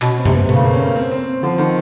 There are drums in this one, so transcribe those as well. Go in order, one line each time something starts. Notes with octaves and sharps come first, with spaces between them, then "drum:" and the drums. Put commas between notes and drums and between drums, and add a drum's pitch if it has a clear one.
B2 C#4, drum: clap
C4
C3, drum: tom F#2
B3
C#3 A3, drum: tom B2
A#3
C#4
C4
C4
C4
D3 F3
D3 D#3